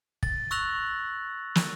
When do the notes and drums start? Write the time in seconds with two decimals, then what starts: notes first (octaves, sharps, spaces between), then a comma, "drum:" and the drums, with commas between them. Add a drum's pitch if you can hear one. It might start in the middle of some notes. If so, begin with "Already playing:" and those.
0.23 A6, drum: kick
0.51 C#6 E6 F#6 A#6 F7 F#7
1.55 drum: snare